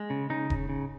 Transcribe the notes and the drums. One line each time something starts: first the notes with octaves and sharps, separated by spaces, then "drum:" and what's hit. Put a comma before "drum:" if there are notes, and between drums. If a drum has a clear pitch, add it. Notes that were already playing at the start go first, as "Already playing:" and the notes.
Already playing: G#3
C#3
C#3 D#4
C#3, drum: kick E1
C#3